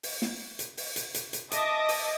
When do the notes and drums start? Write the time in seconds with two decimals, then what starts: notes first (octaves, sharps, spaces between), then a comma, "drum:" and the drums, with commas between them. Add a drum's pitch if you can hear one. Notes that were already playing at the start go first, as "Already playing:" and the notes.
0.03 drum: open hi-hat
0.22 drum: snare
0.59 drum: hi-hat
0.77 drum: open hi-hat
0.96 drum: hi-hat
1.14 drum: hi-hat
1.33 drum: hi-hat
1.51 D#5 E5 A5 D6 D#6 A#6, drum: hi-hat
1.89 drum: open hi-hat